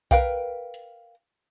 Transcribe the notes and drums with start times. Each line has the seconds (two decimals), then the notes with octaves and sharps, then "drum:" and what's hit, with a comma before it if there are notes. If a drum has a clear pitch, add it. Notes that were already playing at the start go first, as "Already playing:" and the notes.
0.11 A#4 B4 F5 G5, drum: kick B1, hi-hat
0.74 drum: hi-hat